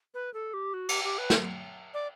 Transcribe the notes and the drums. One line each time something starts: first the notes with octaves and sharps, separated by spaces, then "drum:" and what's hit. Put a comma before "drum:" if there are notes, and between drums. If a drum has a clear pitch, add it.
B4
A4
G4
F#4
G4, drum: cymbal
G4
B4
drum: snare
D5